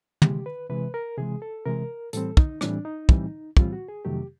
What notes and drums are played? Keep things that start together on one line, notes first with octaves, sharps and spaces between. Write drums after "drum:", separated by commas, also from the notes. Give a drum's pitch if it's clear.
C3 E3 G#3 G4, drum: tom
B4
C3 E3 G#3 B4
A#4
C3 E3 G#3 G#4
A4
C3 E3 G#3 A#4
A2 E3 G3 C4 A4, drum: hi-hat
D#4, drum: kick
A2 E3 G3 C4 D4, drum: rim click
D#4
A2 E3 G3 C4, drum: kick
A2 E3 G3 C4 F4, drum: kick
F#4
G#4
F2 C3 D#3 F#3 A3 G4